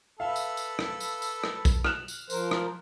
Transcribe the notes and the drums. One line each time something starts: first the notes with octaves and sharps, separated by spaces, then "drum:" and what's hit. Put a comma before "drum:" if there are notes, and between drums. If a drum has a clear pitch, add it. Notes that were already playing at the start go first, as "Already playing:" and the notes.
A4 B4 E5 F5
drum: tambourine
drum: tambourine
drum: rim click
drum: tambourine
drum: tambourine
drum: rim click
drum: kick, tambourine
F6 F#6 E7, drum: rim click
drum: tambourine
F3 A#4 C5, drum: tambourine
drum: rim click